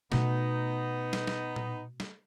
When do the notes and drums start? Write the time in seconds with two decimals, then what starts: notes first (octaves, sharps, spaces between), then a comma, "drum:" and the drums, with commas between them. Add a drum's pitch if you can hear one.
0.12 B2 A3 B3 D#4, drum: snare
1.13 drum: snare
1.27 drum: snare
1.56 drum: tom A#2
2.00 drum: snare